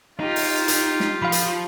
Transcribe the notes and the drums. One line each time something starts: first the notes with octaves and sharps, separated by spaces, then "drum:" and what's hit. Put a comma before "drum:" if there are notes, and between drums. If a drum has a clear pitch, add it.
D#4 F4 G4
drum: open hi-hat
drum: hi-hat
drum: snare
F3 F5 B5
drum: hi-hat